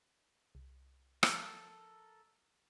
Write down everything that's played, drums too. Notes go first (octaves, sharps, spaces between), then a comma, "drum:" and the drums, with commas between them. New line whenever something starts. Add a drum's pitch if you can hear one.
C2
F3 A4 A#4, drum: rim click